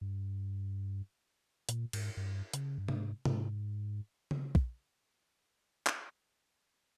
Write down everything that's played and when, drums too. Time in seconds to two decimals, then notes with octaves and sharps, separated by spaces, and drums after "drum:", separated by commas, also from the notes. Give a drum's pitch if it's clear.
0.01 G2
1.69 A#2, drum: hi-hat
1.93 G#2, drum: cymbal
2.17 G2
2.53 C#3, drum: hi-hat
2.78 G2
2.88 G#2, drum: tom
3.25 G#2, drum: tom
4.31 drum: tom C#3
4.55 drum: kick
5.87 drum: clap